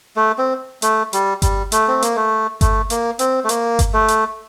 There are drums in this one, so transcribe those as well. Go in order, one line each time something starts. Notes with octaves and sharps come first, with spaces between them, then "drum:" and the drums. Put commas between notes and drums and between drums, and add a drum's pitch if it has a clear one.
A3
C4
A3, drum: hi-hat
G3, drum: hi-hat
G3, drum: kick G1, hi-hat
A3, drum: hi-hat
C4
A#3, drum: hi-hat
A3
A3, drum: kick G1, hi-hat
A#3, drum: hi-hat
C4, drum: hi-hat
A3
A#3, drum: hi-hat
drum: kick G1, hi-hat
A3
drum: hi-hat